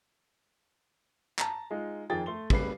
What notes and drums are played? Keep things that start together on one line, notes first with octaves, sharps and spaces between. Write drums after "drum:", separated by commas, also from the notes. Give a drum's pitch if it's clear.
A5 A#5, drum: clap
G#3 D#4 F4
F2 D#3 G#4 G5 A6
A3 C6 G7
C#3 G3 B4 C7, drum: kick